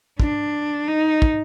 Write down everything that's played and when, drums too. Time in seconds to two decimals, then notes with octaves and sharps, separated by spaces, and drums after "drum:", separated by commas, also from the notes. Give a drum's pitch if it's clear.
0.20 D4, drum: kick
0.88 D#4
1.22 drum: kick